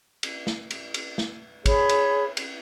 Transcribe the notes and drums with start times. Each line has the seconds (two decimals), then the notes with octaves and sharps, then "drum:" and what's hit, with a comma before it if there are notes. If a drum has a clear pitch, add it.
0.23 drum: cymbal
0.47 drum: snare
0.71 drum: cymbal
0.94 drum: cymbal
1.18 drum: snare
1.66 G#4 C#5 B5, drum: kick, cymbal
1.89 drum: cymbal
2.37 drum: cymbal